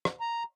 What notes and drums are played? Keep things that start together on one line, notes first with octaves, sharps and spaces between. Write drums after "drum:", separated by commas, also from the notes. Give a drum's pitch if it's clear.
drum: rim click
A#5